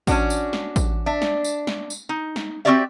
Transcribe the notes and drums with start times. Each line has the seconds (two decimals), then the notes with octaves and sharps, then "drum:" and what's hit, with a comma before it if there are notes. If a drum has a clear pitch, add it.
0.07 C#4 D4 F#4, drum: kick A1, tambourine
0.30 drum: tambourine
0.53 drum: snare
0.76 drum: kick A1, tambourine
1.06 D4 E5
1.22 drum: snare
1.44 drum: tambourine
1.67 drum: snare
1.90 drum: tambourine
2.09 D#4
2.36 drum: snare
2.65 C4 C#4 F#4 G4 D5 E5